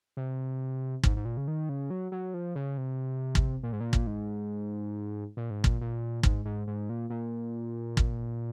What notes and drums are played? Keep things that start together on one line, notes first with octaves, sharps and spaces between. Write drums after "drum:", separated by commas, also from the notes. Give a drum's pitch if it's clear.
C3
G#2, drum: kick
G#2
A#2
C#3
D#3
C#3
F#3
F#3
F3
C#3
C3
drum: kick
A#2
G#2
A#2
drum: kick
G#2
A#2
G#2
A#2, drum: kick
A#2
G#2, drum: kick
G#2
G#2
A#2
A#2
drum: kick